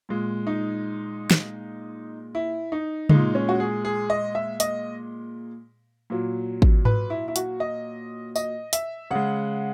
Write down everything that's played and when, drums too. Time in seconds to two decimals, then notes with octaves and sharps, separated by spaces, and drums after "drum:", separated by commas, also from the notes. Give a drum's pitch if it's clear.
0.09 A#2 G#3
0.47 D#4
1.31 drum: snare
2.35 E4
2.72 D#4
3.09 A#2 G#3 D#4, drum: tom C#3
3.35 C#4
3.49 F#4
3.60 G#4
3.85 G#4
4.10 D#5
4.35 E5
4.60 D#5, drum: hi-hat
6.10 A#2 F#3
6.62 drum: kick G#1
6.85 B4, drum: tom G#2
7.10 E4
7.28 E4
7.36 F#4, drum: hi-hat
7.60 D#5
8.36 D#5, drum: tambourine
8.73 E5, drum: hi-hat
9.11 C#3 G#3 F#5